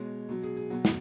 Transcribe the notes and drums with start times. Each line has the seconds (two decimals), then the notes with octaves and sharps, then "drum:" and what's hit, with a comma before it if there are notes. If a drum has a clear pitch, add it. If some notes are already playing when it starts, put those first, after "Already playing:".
Already playing: B2 G#3 C#5
0.29 B2 F#3
0.43 G#4
0.57 G#4
0.70 B2 F#3 F#4
0.85 drum: snare